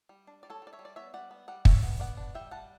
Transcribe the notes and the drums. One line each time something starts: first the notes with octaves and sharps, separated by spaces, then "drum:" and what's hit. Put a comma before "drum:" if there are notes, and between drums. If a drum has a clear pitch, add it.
G3
D4
G3 D5
A4 C#5
G3 D5
C#5 E5
G3
D5
B3 C#5 E5
G3 D5 F#5
B3
G3 D5 F#5
G3 C#5 E5, drum: kick
B3
B3 D5 F#5
D4
G3 E5 G5
G3 F#5 A5